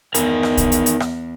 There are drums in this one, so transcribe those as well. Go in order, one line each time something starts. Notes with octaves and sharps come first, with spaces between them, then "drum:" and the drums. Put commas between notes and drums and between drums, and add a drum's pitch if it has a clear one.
E2 D#4 A#4 G#5, drum: hi-hat
drum: rim click
drum: kick, hi-hat
drum: hi-hat
drum: hi-hat
drum: rim click